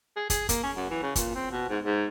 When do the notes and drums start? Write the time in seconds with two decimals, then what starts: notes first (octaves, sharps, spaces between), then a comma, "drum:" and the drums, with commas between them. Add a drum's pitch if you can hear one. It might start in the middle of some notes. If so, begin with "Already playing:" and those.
0.16 G#4
0.30 G#4, drum: kick, hi-hat
0.49 A#3, drum: kick, hi-hat
0.63 C#4
0.76 F#2
0.90 E3
1.03 C#3
1.16 A#2, drum: kick, hi-hat
1.35 C4
1.51 B2
1.69 G#2
1.85 G#2